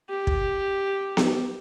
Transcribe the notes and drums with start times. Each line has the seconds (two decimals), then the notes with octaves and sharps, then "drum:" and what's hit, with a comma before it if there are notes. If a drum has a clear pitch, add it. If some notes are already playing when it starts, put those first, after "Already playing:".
0.10 G4
0.27 drum: kick
1.17 drum: snare B3